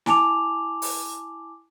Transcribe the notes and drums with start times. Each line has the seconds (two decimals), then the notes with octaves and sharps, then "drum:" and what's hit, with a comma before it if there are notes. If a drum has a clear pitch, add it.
0.06 E4 G#5 A5 D6 F7, drum: snare
0.82 drum: open hi-hat